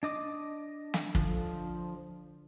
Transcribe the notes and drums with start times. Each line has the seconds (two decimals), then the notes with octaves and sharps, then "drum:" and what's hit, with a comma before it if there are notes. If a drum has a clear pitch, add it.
0.03 D4 D#5 D6
0.94 drum: snare
1.15 D3 F3, drum: kick